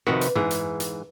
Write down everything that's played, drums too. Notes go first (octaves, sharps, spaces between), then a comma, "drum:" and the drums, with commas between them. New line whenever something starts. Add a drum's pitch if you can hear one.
F2 C3 D#3 F#4 B4
drum: hi-hat
G#2 E3 G#4, drum: tom
drum: hi-hat
drum: hi-hat